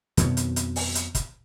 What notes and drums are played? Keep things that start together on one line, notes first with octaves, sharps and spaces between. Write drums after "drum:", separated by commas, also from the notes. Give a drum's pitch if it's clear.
F2 B2 D#3 F#3, drum: hi-hat
drum: hi-hat
drum: hi-hat
drum: open hi-hat
drum: hi-hat
drum: kick, hi-hat